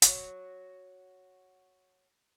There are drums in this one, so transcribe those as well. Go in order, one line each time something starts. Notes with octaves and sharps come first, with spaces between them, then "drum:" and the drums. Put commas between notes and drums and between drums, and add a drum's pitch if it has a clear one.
F#4 C#5, drum: hi-hat